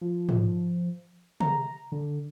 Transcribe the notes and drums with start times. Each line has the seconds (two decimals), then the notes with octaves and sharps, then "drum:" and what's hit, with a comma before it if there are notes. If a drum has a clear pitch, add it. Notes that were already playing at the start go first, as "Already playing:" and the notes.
0.01 F3
0.29 drum: tom G#2
1.40 A#5, drum: tom
1.92 D3